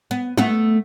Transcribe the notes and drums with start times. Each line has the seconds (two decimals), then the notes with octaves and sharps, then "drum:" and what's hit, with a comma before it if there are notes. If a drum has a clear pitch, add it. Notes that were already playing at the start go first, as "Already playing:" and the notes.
0.11 B3
0.38 A3 B3, drum: tom G#3